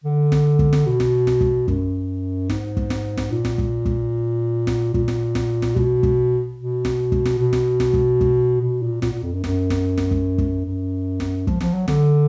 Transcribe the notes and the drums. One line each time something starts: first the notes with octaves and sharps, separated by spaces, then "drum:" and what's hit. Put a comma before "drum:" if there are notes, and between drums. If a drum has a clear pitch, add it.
D3
drum: snare
drum: kick
drum: snare
B2
drum: snare
drum: snare
drum: kick
F#2, drum: kick
G#2, drum: snare
drum: kick
drum: snare
drum: snare
A#2
drum: snare
drum: kick
drum: kick
drum: snare
A#2, drum: kick
drum: snare
drum: snare
drum: snare
B2, drum: kick
drum: kick
B2
drum: snare
drum: kick
drum: snare
B2
drum: snare
drum: snare
drum: kick
drum: kick
B2
A#2
A#2, drum: snare
A#2
F2
F#2
F#2, drum: snare
drum: snare
drum: snare
drum: kick
drum: kick
F#2
drum: snare
F3, drum: kick
F3, drum: snare
F#3
D3, drum: snare